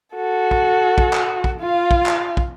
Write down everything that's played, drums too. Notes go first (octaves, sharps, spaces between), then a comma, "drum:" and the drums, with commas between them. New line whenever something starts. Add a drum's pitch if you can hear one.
F#4 A4
drum: kick
drum: kick
drum: clap
drum: kick
F4 F5
drum: kick
drum: clap
drum: kick